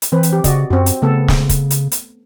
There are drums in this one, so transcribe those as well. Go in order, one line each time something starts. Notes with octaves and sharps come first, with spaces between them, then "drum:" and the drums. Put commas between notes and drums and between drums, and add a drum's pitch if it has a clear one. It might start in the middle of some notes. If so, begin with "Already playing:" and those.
drum: hi-hat
E3 C4 B4 C5
drum: hi-hat
G4
C#3 F#4 D5 D#5, drum: kick, hi-hat
F#2 C4 F#4
drum: hi-hat
C#3 A3 B3 A4
drum: snare
drum: kick, hi-hat
drum: hi-hat
drum: hi-hat